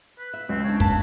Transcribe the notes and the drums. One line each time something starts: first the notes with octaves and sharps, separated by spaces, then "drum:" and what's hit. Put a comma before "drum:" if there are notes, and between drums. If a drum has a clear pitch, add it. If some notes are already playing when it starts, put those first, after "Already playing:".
B4
E5
C#2 C4
C#4 D4 C#5
A#3 A5 B5, drum: kick